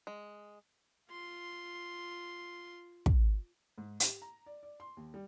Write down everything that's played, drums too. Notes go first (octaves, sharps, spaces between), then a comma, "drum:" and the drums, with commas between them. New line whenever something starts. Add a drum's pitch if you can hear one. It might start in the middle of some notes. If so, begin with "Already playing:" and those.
G#3
F4 C6
drum: kick
G#2
G4, drum: hi-hat
A#5
D5
D5
C6
D#2
G3